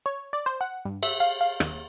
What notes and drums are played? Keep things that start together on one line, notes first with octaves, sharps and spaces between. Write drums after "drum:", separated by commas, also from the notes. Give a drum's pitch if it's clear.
C#5
D5
C5
F#5
G2
E5, drum: cymbal
F5
F5
D#2, drum: rim click